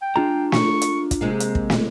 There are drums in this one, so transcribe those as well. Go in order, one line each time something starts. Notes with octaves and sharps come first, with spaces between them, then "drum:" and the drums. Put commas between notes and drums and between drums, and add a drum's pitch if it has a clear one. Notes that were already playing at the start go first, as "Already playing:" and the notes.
G5
G#3 D4 F4 A#5
C#6, drum: snare
drum: hi-hat
drum: kick, hi-hat
C3 G#3 A#3 C5
drum: hi-hat
drum: kick
drum: snare